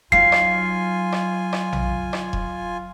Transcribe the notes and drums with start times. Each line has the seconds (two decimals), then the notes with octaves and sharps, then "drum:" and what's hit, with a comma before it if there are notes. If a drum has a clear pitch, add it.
0.12 F#3 D#4 F4 F5 G#5 C7, drum: kick E1
0.32 drum: rim click
1.12 drum: rim click
1.53 drum: rim click
1.73 drum: tom A#1
2.13 drum: rim click
2.33 drum: kick E1